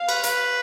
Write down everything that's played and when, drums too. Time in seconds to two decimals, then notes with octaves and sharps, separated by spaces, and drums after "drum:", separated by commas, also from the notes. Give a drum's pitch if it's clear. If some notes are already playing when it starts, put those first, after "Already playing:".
Already playing: F5
0.09 B4, drum: cymbal
0.23 B4, drum: hi-hat